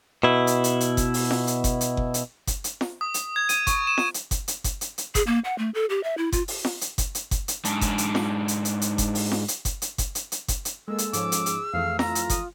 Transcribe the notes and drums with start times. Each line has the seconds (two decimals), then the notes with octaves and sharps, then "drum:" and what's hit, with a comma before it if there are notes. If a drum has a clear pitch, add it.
0.23 B2 E4
0.47 drum: hi-hat
0.64 drum: hi-hat
0.80 drum: hi-hat
0.97 drum: kick F#1, hi-hat
1.14 drum: open hi-hat
1.31 drum: snare
1.47 drum: hi-hat
1.64 drum: kick F#1, hi-hat
1.81 drum: hi-hat
1.97 drum: kick F#1
2.14 drum: hi-hat
2.47 drum: kick F#1, hi-hat
2.64 drum: hi-hat
2.81 drum: snare
3.01 D#6
3.14 drum: hi-hat
3.36 G#6
3.49 D#7, drum: hi-hat
3.67 C#6, drum: kick F#1, hi-hat
3.87 E7
3.98 drum: snare
4.14 drum: hi-hat
4.31 drum: kick F#1, hi-hat
4.48 drum: hi-hat
4.64 drum: kick F#1, hi-hat
4.81 drum: hi-hat
4.98 drum: hi-hat
5.15 G#4, drum: kick F#1, hi-hat
5.27 A#3
5.45 F#5
5.58 A3
5.74 A4
5.90 G4
6.03 E5
6.18 E4
6.32 F4, drum: kick F#1, hi-hat
6.48 drum: open hi-hat
6.65 drum: snare
6.81 drum: hi-hat
6.98 drum: kick F#1, hi-hat
7.15 drum: hi-hat
7.31 drum: kick F#1, hi-hat
7.48 drum: hi-hat
7.65 G#2 D4, drum: hi-hat
7.81 drum: kick F#1, hi-hat
7.98 drum: hi-hat
8.15 drum: snare
8.48 drum: hi-hat
8.65 drum: hi-hat
8.81 drum: hi-hat
8.98 drum: kick F#1, hi-hat
9.15 drum: open hi-hat
9.32 drum: snare
9.48 drum: hi-hat
9.65 drum: kick F#1, hi-hat
9.82 drum: hi-hat
9.98 drum: kick F#1, hi-hat
10.15 drum: hi-hat
10.32 drum: hi-hat
10.48 drum: kick F#1, hi-hat
10.65 drum: hi-hat
10.88 G#3 A#3 A4 E6
10.98 drum: hi-hat
11.13 G#2 F3 C#4 D6, drum: hi-hat
11.32 drum: hi-hat
11.46 G#4, drum: hi-hat
11.74 F2 E3 A3 F5
11.99 F4 A#5, drum: snare
12.15 drum: hi-hat
12.30 D#6, drum: kick F#1, hi-hat